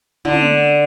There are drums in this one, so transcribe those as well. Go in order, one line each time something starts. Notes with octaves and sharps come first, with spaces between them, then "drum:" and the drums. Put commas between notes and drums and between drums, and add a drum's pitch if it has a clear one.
D3, drum: tom